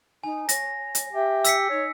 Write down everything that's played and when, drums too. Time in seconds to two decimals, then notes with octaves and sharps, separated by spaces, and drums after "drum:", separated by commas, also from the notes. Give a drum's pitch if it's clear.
0.24 D#4 G#5
0.49 C#5 A#6, drum: hi-hat
0.95 drum: hi-hat
1.13 G4 E5
1.44 E6 B6 C#7, drum: hi-hat
1.70 D#4 C#5